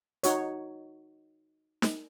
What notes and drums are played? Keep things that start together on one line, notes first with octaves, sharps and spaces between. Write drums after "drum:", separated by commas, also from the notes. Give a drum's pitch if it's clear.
D#4 F#4 C#5, drum: hi-hat
drum: snare